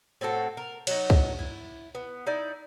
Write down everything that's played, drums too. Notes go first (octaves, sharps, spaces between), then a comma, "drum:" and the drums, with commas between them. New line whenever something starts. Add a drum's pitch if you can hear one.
A2 C4 F#4 A4
A#4
F#3 D#4, drum: cymbal
drum: kick
E4
B3
D#4 E4 D5